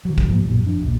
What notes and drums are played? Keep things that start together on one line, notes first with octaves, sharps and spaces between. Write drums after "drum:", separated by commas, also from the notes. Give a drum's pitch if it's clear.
D3 F#3
drum: kick
G#2 F3 A#3
A#1 F#2 A#2 F#3
F#1 F2 D4
D#1 B1 A#2